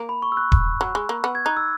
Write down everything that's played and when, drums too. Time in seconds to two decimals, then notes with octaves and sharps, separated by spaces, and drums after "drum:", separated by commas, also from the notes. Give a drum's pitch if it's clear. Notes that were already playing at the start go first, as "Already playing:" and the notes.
Already playing: A#3
0.09 B5
0.22 C#6
0.32 E6
0.37 F#6
0.52 drum: kick D#1
0.81 F#3
0.95 G#3
1.09 A#3
1.24 B3
1.35 G#6
1.45 D#4 F#6
1.57 E6